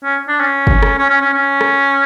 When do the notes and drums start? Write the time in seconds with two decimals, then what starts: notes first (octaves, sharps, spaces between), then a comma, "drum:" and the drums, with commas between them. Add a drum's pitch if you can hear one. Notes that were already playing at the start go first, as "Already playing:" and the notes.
0.04 C#4
0.28 D4
0.40 C#4
0.67 drum: kick
0.83 drum: rim click
0.98 C#4
1.10 C#4
1.21 C#4
1.33 C#4
1.61 drum: rim click